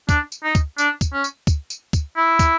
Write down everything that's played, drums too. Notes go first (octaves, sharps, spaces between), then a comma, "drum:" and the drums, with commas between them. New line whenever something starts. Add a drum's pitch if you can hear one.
D4, drum: kick, tambourine
drum: tambourine
D#4
drum: kick, tambourine
D4, drum: tambourine
drum: kick, tambourine
C#4
drum: tambourine
drum: kick, tambourine
drum: tambourine
drum: kick, tambourine
E4
drum: kick, tambourine